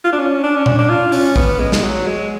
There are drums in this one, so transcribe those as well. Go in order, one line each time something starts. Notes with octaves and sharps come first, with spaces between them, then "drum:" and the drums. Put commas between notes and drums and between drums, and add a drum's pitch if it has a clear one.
F4
D4
C#4
D4
C#4
D4, drum: tom A#2
D4
F4
C#4, drum: open hi-hat
B3, drum: kick
G#3
G#3, drum: snare
F#3
G#3